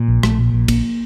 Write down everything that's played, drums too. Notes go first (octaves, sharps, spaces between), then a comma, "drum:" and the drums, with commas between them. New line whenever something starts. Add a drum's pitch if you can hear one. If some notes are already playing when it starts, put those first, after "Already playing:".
Already playing: A#2
A#1
A#1 A3, drum: rim click
A#2
A#1
A#1 A#3, drum: kick, cymbal